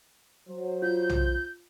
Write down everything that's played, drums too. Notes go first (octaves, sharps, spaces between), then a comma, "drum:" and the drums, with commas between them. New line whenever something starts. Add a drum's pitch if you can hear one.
F#3 C5
F4 G6
drum: tom B1